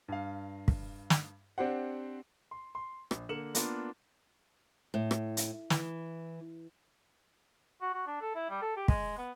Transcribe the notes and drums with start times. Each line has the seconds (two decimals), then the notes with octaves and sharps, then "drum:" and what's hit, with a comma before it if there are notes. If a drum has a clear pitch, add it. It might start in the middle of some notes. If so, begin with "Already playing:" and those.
0.08 G2 F5
0.68 drum: kick
1.10 drum: snare
1.58 C4 D4 G4 C5 F#5
2.51 C6
2.75 C6
3.11 A#1, drum: rim click
3.29 D3 A#3 C#7 E7 F#7
3.55 A#3 B3 D4 F4, drum: hi-hat
4.94 A2
5.11 drum: rim click
5.37 drum: hi-hat
5.70 E3, drum: snare
7.82 F#4
7.94 F#4
8.07 D4
8.22 A4
8.35 E4
8.50 G3
8.62 A4
8.76 G4
8.88 G#3, drum: kick
9.18 B3